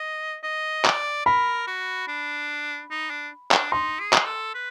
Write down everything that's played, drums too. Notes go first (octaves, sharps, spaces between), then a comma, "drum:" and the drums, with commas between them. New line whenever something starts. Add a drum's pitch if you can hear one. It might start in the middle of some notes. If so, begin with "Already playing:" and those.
Already playing: D#5
D#5
D5, drum: clap
A#4 B5
F#4
D4
D#4
D4
D4, drum: clap
D#4 C6
G#4
drum: clap
A4
B4